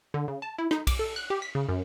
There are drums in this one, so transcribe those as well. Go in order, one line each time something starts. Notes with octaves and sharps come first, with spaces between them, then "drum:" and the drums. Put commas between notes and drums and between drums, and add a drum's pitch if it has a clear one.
D3
C#3
A5
E4
D#4, drum: rim click
D6, drum: kick B1, cymbal
A4
F#6
G4
B6
C#3
F#2